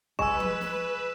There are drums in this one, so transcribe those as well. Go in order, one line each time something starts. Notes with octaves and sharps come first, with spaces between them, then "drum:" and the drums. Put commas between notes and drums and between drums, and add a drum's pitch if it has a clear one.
G#3 B4 G#5 C#6 E6 E7, drum: kick
drum: tom F3
drum: snare